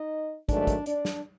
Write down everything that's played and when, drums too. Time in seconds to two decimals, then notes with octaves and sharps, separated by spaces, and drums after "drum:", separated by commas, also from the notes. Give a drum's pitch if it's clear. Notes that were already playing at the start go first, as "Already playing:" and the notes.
Already playing: D#4 D#5
0.49 G#2 D#3 F#3 A3 D4 D5, drum: kick, hi-hat
0.67 drum: kick, hi-hat
0.86 D4 D5, drum: hi-hat
1.05 drum: snare